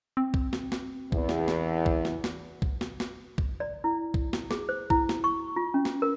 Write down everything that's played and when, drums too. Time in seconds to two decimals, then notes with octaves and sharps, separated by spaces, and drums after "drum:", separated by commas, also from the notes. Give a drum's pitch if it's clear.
0.17 C4
0.34 drum: kick C2
0.53 drum: snare
0.72 drum: snare
1.12 E2, drum: kick C2
1.29 drum: snare
1.48 drum: snare
1.86 drum: kick C2
2.05 drum: snare
2.24 drum: snare
2.62 drum: kick C2
2.81 drum: snare
3.00 drum: snare
3.38 drum: kick C2
3.60 D5
3.84 E4
4.14 drum: kick C2
4.33 drum: snare
4.51 G#4, drum: snare
4.69 C5
4.90 E4, drum: kick C2
5.09 drum: snare
5.24 C#6
5.56 F4
5.74 C#4
5.85 drum: snare
6.02 A#4